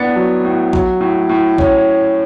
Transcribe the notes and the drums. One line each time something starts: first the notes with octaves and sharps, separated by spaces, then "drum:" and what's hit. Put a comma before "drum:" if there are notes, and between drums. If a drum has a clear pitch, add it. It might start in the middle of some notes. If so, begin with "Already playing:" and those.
Already playing: A2 B3 D4 A6 C#7
F#3
A2
F#3, drum: kick A1
A2
A2
C#4, drum: kick A1